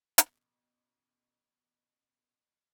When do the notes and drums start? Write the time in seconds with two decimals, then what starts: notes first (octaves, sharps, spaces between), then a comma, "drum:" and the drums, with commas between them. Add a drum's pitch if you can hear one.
0.18 A1 B2, drum: hi-hat